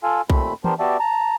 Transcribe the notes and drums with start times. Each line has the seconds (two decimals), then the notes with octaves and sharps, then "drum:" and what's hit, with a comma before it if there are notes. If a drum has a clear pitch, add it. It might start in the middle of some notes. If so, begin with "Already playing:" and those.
0.03 F4 A4 F5 G#5
0.30 D#2 A#2 A3 C4 B5, drum: kick B1
0.64 B3 D4 G4 A#4 C5, drum: tom E3
0.79 B3 F#4 G4 D5 E5 A5
0.99 A5 A#5